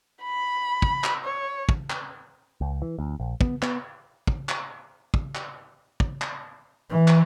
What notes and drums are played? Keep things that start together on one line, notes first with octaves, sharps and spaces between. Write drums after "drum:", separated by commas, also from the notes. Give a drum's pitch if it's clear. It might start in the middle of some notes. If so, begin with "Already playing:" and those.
B5
drum: kick
drum: clap
C#5
drum: kick
drum: clap
C#2
E3
D2
A#1
B3, drum: kick
B3, drum: clap
drum: kick
drum: clap
drum: kick
drum: clap
drum: kick
drum: clap
E3
drum: clap